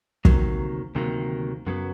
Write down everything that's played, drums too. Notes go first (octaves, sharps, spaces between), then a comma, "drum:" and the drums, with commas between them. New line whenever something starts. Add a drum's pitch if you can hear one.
D2 C3 D#3 F#3 A#3, drum: kick
D2 C3 D#3 F#3 A#3
F#2 C#3 F#3 B3